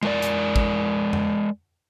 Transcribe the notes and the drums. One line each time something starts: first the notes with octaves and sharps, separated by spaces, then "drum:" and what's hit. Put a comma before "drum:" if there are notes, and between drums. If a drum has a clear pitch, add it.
G#3 A#4 D5, drum: tom
drum: hi-hat
drum: kick
drum: tom F2